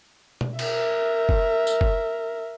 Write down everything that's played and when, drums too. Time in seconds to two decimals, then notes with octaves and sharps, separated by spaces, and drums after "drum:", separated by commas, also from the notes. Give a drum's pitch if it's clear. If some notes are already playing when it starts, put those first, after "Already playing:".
0.41 drum: tom B2
0.59 A#4 E5, drum: cymbal
1.29 drum: kick
1.67 drum: tambourine
1.81 drum: kick